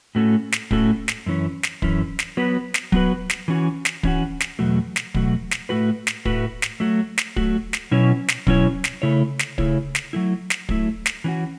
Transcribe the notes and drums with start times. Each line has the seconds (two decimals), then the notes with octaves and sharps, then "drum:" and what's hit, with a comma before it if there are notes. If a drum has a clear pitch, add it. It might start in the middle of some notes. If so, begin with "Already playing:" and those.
0.15 A2 A3 C#4 F#4 A4
0.52 drum: snare
0.71 A2 A3 C#4 F#4 A4, drum: kick
1.08 drum: snare
1.26 F#2 E3 C#4
1.63 drum: snare
1.82 F#2 E3 C#4, drum: kick
2.19 drum: snare
2.37 F#3 B3 F#4 B4
2.74 drum: snare
2.92 F#3 B3 F#4 B4, drum: kick
3.30 drum: snare
3.48 E3 C#4 F#4
3.85 drum: snare
4.03 E3 C#4 F#4, drum: kick
4.40 drum: snare
4.59 E2 B2 F#3 A3 F#4
4.96 drum: snare
5.14 E2 B2 F#3 A3 F#4, drum: kick
5.51 drum: snare
5.69 A2 A3 F#4 B4
6.07 drum: snare
6.25 A2 A3 F#4 B4, drum: kick
6.62 drum: snare
6.80 F#3 A3 F#4
7.18 drum: snare
7.36 F#3 A3 F#4, drum: kick
7.73 drum: snare
7.91 B2 F#3 C#4 E4 C#5
8.28 drum: snare
8.47 B2 F#3 C#4 E4 C#5, drum: kick
8.84 drum: snare
9.02 C#3 A3 E4 C#5
9.39 drum: snare
9.58 C#3 A3 E4 C#5, drum: kick
9.95 drum: snare
10.13 F#3 A3 E4
10.50 drum: snare
10.69 F#3 A3 E4, drum: kick
11.06 drum: snare
11.24 E3 C#4 F#4